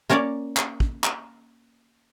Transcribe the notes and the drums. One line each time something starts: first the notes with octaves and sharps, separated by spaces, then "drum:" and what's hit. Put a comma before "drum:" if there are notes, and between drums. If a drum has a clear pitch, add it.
A#3 C#4 A#4 C#5 D5
drum: clap
drum: kick
drum: clap